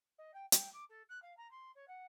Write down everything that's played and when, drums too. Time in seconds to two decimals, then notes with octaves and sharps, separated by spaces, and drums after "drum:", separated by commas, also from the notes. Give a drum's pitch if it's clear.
0.18 D#5
0.33 G5
0.52 G5, drum: hi-hat
0.73 D6
0.89 A4
1.09 F#6
1.22 F5
1.37 A#5
1.51 C6
1.75 C#5
1.87 F#5